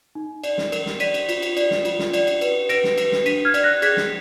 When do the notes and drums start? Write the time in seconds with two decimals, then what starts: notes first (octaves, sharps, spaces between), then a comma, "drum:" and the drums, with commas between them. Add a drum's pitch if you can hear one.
0.15 D#4
0.44 D5, drum: cymbal
0.58 drum: snare
0.72 A#4, drum: cymbal
0.86 drum: snare
1.00 D5 B6 D#7, drum: cymbal
1.14 drum: cymbal
1.29 F4, drum: cymbal
1.42 drum: cymbal
1.57 D5, drum: cymbal
1.71 drum: snare
1.85 F4, drum: cymbal
1.99 drum: snare
2.14 D5, drum: cymbal
2.27 drum: cymbal
2.41 B4, drum: cymbal
2.69 B4 A#6 D7, drum: cymbal
2.84 drum: snare
2.98 B4, drum: cymbal
3.12 drum: snare
3.26 D4 B6 D#7, drum: cymbal
3.45 F6 G#6
3.54 D5, drum: cymbal
3.64 F#6 A#6
3.82 G#4 G#6 B6, drum: cymbal
3.97 drum: snare